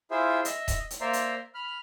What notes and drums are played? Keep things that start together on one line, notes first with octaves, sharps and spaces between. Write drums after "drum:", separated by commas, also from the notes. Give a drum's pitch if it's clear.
E4 F4 G#4 C5 E5
D#5 E5, drum: hi-hat
drum: kick D#1, hi-hat
drum: hi-hat
A#3 C5 D5 E5 A#5 C6
drum: hi-hat
B5 F6